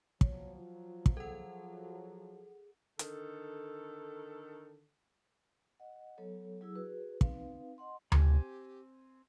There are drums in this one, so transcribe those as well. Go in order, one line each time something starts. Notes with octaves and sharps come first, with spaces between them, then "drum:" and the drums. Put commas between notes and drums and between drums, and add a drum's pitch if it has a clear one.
F3 F#3 C#5, drum: kick
F4
drum: kick
G#4 A4 F#5
D3 D#3 A4, drum: hi-hat
D#5 F#5
F#3 B3 A4 C#5
F#3 E4 G#4 E6
F#4 G#4 B4
C4 D#4 B4 F5, drum: kick
D#5 F#5 C6
C4 G4 G#5, drum: tom D2